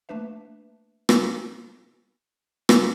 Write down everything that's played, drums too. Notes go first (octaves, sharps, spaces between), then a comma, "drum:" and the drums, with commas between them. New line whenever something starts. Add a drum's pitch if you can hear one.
A3 A#3 D4 B4 E5
drum: rim click
drum: rim click